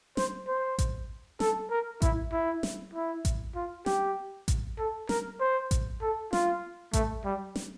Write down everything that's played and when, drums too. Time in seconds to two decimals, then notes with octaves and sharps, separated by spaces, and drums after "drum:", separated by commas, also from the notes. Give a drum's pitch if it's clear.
0.17 C5, drum: snare
0.48 C5
0.78 drum: kick A1, hi-hat
1.40 A4, drum: snare
1.71 A#4
2.02 E4, drum: kick A1, hi-hat
2.33 E4
2.63 drum: snare
2.94 E4
3.25 drum: kick A1, hi-hat
3.56 F4
3.86 G4, drum: snare
4.48 drum: kick A1, hi-hat
4.79 A4
5.09 A#4, drum: snare
5.40 C5
5.71 drum: kick A1, hi-hat
6.02 A4
6.33 F4, drum: snare
6.93 A3, drum: kick A1, hi-hat
7.25 G3
7.56 drum: snare